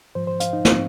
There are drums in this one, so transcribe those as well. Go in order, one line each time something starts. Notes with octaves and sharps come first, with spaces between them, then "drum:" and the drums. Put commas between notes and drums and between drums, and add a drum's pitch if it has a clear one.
G#2 F3 C5
C5
F5, drum: hi-hat
D#4
F3 C4, drum: snare